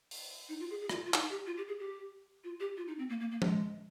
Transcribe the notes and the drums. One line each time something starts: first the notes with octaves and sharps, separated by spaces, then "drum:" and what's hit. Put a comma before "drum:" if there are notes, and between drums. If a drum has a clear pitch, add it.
drum: open hi-hat
D#4
F4
G#4
G#4
F4, drum: rim click
F4
D#4, drum: clap
G4
F4
G4
G#4
G4
F4
G4
F4
D#4
C4
A#3
A#3
A#3
G#3, drum: tom